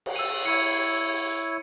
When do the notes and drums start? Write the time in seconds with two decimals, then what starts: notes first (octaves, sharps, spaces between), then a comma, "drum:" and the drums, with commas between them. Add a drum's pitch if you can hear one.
0.06 drum: cymbal
0.16 E6 D#7
0.46 E4 C#5 C#7 D#7